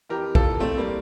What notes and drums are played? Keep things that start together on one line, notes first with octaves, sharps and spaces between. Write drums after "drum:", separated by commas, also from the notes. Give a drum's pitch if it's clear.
F2 E3 G4 A#4
F4 A4, drum: kick
A3 C4
G3 A#3